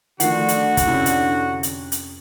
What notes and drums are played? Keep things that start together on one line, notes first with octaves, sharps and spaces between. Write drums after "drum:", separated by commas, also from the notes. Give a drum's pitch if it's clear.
D3 D#3 F3 A3 F#4 F#5 C7, drum: hi-hat
drum: hi-hat
drum: kick, hi-hat
F2 C3 C#4 E4
drum: hi-hat
drum: hi-hat
drum: hi-hat